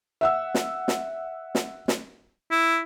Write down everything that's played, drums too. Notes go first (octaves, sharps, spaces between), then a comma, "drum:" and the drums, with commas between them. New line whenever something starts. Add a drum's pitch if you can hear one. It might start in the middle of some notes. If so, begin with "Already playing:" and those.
E5 F#5 E6
drum: snare
drum: snare
drum: snare
drum: snare
E4